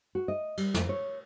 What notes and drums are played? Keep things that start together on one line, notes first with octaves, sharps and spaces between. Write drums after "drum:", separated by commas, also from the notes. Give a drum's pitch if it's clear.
F#4
D#5
G3, drum: cymbal
F2, drum: snare
C#5